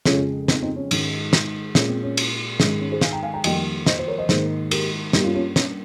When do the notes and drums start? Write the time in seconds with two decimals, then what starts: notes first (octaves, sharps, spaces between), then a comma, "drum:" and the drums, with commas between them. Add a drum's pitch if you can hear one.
0.05 F2 C#3 F3 G#3 C#4 F4, drum: snare
0.48 C4 D#4, drum: snare
0.63 C4 D#4
0.76 C#4
0.91 G#2 D#3 G#3, drum: cymbal
1.33 drum: snare
1.75 A#2 G#3 C#4, drum: snare
1.89 C4
2.03 C#4
2.17 drum: cymbal
2.60 G#2 D#3 G#3 C#4, drum: snare
2.81 C#4
2.92 G#4 C5
3.01 F5 G#5, drum: snare
3.13 G5 A#5
3.23 F5 G#5
3.34 G5 A#5
3.44 F2 D#3 G3 A#3 D#5 G5, drum: cymbal
3.86 C5 D#5, drum: snare
3.99 C5
4.08 A#4 C#5
4.18 C5 D#5
4.29 G#2 D#3 A#3 G#4 C5, drum: snare
4.71 G4 A#4, drum: cymbal
5.13 G2 G3 A#3 D#4 G4, drum: snare
5.24 C#4 F4
5.35 C#4 F4
5.56 C#4, drum: snare